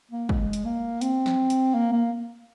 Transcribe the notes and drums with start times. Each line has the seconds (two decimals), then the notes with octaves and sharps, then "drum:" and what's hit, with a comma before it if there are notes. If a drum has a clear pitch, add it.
0.11 A#3
0.29 G#3, drum: kick
0.53 drum: hi-hat
0.65 A#3
1.01 C4, drum: hi-hat
1.26 drum: snare
1.50 drum: hi-hat
1.74 A#3
1.92 A#3